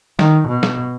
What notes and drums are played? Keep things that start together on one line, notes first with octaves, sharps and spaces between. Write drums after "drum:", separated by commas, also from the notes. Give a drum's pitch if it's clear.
D#3, drum: snare
B2
drum: snare